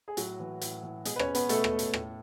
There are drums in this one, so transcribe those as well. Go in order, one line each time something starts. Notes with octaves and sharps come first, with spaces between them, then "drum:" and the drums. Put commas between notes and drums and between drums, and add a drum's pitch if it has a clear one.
G#4
A2 F#3 F#4, drum: hi-hat
E3
A2, drum: hi-hat
E3
B2 G#3 G#4, drum: hi-hat
B4
C#4 C#5, drum: rim click
B3 B4, drum: hi-hat
B2 A3 A4, drum: hi-hat
drum: rim click
drum: hi-hat
A2, drum: rim click